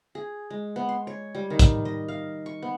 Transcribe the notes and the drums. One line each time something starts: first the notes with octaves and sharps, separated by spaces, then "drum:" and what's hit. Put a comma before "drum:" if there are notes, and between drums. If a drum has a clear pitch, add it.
G#4
G#3
B3
C6
C#5
G3
D#3
drum: kick, hi-hat
D#5
F5
C#6
B3